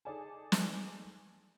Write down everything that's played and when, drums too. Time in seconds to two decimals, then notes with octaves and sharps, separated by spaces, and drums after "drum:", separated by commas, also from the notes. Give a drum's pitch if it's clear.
0.05 D#4 G#4 A4 D5 G#5 A5
0.52 drum: snare